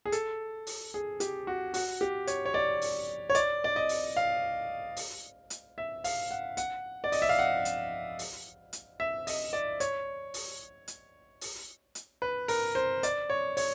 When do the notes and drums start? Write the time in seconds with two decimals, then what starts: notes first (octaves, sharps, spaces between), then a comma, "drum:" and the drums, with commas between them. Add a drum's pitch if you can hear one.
0.05 G#4
0.12 A4, drum: hi-hat
0.67 drum: open hi-hat
0.94 G#4
1.20 G4, drum: hi-hat
1.47 F#4
1.74 F#4, drum: open hi-hat
2.01 G4
2.27 C#5, drum: hi-hat
2.46 C#5
2.54 D5
2.82 drum: open hi-hat
3.30 C#5
3.35 D5, drum: hi-hat
3.64 D5
3.76 D#5
3.89 drum: open hi-hat
4.17 F5
4.97 drum: open hi-hat
5.50 drum: hi-hat
5.78 E5
6.04 F5, drum: open hi-hat
6.31 F#5
6.57 F#5, drum: hi-hat
7.04 D5
7.12 D#5, drum: open hi-hat
7.22 E5
7.29 F5
7.39 F#5
7.65 drum: hi-hat
8.19 drum: open hi-hat
8.73 drum: hi-hat
9.00 E5
9.27 D#5, drum: open hi-hat
9.53 D5
9.80 C#5, drum: hi-hat
10.34 drum: open hi-hat
10.88 drum: hi-hat
11.41 drum: open hi-hat
11.95 drum: hi-hat
12.22 B4
12.48 A#4, drum: open hi-hat
12.75 C5
13.03 D5, drum: hi-hat
13.30 C#5
13.57 C#5, drum: open hi-hat